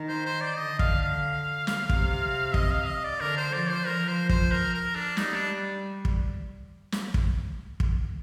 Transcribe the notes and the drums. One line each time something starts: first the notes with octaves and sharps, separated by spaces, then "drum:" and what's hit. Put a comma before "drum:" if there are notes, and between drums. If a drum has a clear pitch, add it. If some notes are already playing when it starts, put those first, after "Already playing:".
Already playing: D#3
C5
C5
D5
D3 D#5
F5, drum: kick
F5
drum: snare
C3, drum: kick
D#5, drum: kick
F5
D#5
D5
D3 A#4
C5
F3 D5
C5
F3 A#4
C5
C5, drum: kick
A#4
A#4
D4
G3 D#4, drum: snare
D4
drum: kick
drum: snare
drum: kick
drum: kick